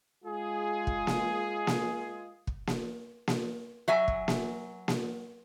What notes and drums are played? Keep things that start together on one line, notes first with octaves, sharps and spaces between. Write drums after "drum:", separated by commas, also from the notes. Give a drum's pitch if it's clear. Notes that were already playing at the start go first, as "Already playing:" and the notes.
G#3 F4 G#4
drum: kick
drum: snare A#3
drum: snare A#3
drum: kick
drum: snare A#3
drum: snare A#3
F#3 E5 G#5
drum: kick
drum: snare A#3
drum: snare A#3